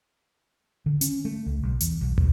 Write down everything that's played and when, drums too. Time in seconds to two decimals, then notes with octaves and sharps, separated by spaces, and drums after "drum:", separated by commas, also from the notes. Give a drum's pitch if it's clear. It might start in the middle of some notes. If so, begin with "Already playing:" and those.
0.86 D3
1.01 C#4, drum: hi-hat
1.25 A3
1.46 C#2
1.63 B1
1.80 E2, drum: hi-hat
2.01 B1
2.18 B1, drum: tom